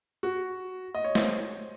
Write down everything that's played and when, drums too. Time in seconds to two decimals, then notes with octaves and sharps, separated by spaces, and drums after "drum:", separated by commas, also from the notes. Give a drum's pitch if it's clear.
0.23 F#4
0.95 D#5
1.04 C#5
1.15 C5, drum: snare